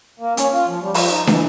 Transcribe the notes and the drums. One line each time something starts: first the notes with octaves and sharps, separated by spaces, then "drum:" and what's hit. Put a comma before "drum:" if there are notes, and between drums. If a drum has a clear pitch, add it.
A#3
C#4, drum: hi-hat
F4
F3
G3
F3, drum: open hi-hat
D#4
E3, drum: snare